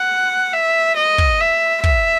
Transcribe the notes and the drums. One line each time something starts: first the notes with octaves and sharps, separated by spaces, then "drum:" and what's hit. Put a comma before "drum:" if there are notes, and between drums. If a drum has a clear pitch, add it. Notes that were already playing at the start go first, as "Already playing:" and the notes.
Already playing: F#5
E5
D#5
drum: kick
E5
E5, drum: kick